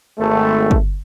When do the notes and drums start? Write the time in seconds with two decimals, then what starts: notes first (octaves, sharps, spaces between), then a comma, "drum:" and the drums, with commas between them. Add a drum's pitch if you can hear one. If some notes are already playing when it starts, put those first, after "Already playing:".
0.19 G#1 A3
0.71 drum: kick